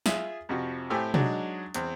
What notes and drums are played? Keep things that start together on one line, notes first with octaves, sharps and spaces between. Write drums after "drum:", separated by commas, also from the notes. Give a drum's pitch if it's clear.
F4 G#4 E5, drum: snare
F2 C3 F3 F#4
A2 A3 C4 G4 G#5 E6
F#3 G#3 D4 D#4, drum: tom B2
E2 C4, drum: hi-hat